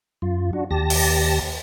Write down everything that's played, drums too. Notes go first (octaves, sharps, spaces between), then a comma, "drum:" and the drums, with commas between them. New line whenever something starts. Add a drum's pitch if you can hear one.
F#2 F4
D4 F#4
D#2 G4 A5 A#6
drum: open hi-hat